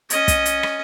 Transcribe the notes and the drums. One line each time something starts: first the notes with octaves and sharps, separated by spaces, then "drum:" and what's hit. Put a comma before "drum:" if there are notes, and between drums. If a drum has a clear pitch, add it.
C#4 D#5, drum: hi-hat
drum: kick, hi-hat
drum: hi-hat
drum: rim click